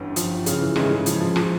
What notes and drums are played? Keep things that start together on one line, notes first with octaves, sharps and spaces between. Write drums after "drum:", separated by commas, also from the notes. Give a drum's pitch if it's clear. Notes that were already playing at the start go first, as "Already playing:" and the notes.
Already playing: G1 G2 E3 G3 C#4
F3, drum: hi-hat
C#3, drum: hi-hat
E3
G#2 C#3 E3 G#3 E4, drum: rim click
C#3
F3, drum: hi-hat
F3
F3, drum: rim click